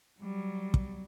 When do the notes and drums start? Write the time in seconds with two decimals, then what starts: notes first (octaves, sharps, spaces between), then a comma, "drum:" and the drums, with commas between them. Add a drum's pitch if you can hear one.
0.20 F#3 G3
0.74 drum: kick